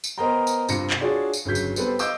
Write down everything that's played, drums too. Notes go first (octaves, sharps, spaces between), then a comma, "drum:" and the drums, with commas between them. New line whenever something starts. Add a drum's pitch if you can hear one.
drum: tambourine
B3 A#4 C5 D#5 G5 A#5
drum: tambourine
G2 C3 F4 A#6 C#7, drum: tambourine
drum: clap
D4 F4 F#4 G#4 C#5 D5
drum: tambourine
G1 C#3 F#3 G6 B6
drum: tambourine
G3 B3 C4 A4 B4 C5, drum: tambourine
D#5 F5 D6 E6 G6, drum: tambourine